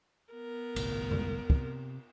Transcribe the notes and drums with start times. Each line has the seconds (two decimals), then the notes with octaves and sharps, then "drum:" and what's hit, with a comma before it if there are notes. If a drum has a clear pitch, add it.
0.33 B3 A#4
0.76 G1 C2 A2, drum: cymbal
1.11 drum: tom F2
1.50 C3, drum: kick